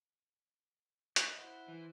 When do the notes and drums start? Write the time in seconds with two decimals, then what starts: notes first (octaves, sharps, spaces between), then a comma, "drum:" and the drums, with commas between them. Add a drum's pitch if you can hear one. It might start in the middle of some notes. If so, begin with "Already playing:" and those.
1.16 D#5 B5, drum: hi-hat
1.38 E4 C5 F#5
1.68 E3